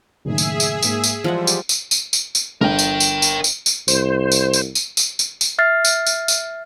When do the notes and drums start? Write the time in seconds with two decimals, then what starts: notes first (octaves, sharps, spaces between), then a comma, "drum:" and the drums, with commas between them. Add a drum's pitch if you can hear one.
0.25 F#1 A2 D#3 G#4 E5
0.38 drum: tambourine
0.60 drum: tambourine
0.83 G#2 A#3, drum: tambourine
1.04 drum: tambourine
1.24 E3 F3 G3 G#3 F#5
1.47 drum: tambourine
1.69 drum: tambourine
1.91 drum: tambourine
2.13 drum: tambourine
2.35 drum: tambourine
2.61 G1 A#4 G5
2.79 drum: tambourine
3.00 drum: tambourine
3.22 drum: tambourine
3.44 drum: tambourine
3.66 drum: tambourine
3.88 C2 C5, drum: tambourine
4.32 drum: tambourine
4.53 drum: tambourine
4.75 drum: tambourine
4.97 drum: tambourine
5.19 drum: tambourine
5.41 drum: tambourine
5.58 E5 F6 A6 C7
5.85 drum: tambourine
6.06 drum: tambourine
6.28 drum: tambourine